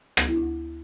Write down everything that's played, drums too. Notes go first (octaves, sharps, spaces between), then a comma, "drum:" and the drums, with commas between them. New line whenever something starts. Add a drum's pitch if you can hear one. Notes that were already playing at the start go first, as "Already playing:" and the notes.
D2 B3, drum: rim click
E4
D4
D2